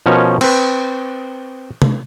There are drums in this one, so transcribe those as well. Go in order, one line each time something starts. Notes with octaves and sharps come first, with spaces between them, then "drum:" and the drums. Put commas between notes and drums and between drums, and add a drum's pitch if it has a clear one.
B2 F3 C#4 A#4 C#5
C4 B4, drum: cymbal
drum: tom